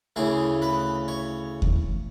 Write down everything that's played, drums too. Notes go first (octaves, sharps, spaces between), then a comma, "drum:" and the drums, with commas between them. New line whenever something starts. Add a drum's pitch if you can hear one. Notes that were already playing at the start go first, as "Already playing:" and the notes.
D2 C#3 E3 A3 G#4
B4
C#5
drum: kick D#2